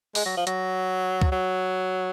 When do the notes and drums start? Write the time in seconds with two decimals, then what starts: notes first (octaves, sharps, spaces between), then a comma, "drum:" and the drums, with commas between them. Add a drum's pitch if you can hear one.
0.15 G#3, drum: open hi-hat
0.25 F#3
0.37 F3
0.47 F#3, drum: hi-hat
1.22 drum: kick
1.32 F#3